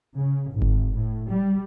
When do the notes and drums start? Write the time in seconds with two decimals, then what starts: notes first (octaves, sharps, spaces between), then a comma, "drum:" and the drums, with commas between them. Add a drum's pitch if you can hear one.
0.16 C#3
0.52 G#1
0.62 drum: kick F#1
0.97 A2
1.29 G3